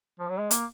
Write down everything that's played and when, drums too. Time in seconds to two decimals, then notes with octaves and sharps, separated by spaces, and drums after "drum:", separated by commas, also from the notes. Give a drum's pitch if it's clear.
0.19 F3
0.29 F#3
0.39 G#3
0.51 A#3, drum: hi-hat